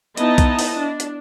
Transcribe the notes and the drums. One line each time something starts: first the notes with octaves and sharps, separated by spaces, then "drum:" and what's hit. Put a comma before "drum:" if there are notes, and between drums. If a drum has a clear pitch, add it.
B3 D#4 E4 D#5 A5, drum: hi-hat
drum: kick B1, hi-hat
drum: open hi-hat
D4
drum: hi-hat